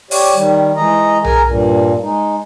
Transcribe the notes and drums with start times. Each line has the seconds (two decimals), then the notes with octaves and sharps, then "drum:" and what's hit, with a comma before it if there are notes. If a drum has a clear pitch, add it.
0.11 G4 C#5 D5, drum: open hi-hat
0.35 D#3 G3
0.76 E3 G#3 D#5 A#5
1.24 G#4 A#4 G#5 A#5, drum: tom B1
1.46 G2 A#2
2.01 G#3 D#4